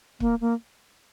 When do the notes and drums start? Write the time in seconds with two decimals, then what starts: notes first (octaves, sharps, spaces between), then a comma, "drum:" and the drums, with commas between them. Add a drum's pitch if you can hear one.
0.20 A#3, drum: kick
0.41 A#3